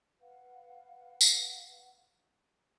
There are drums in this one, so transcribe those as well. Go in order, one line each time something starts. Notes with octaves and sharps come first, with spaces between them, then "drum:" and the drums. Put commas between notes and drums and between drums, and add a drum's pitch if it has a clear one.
B4 F5 F#5
drum: tambourine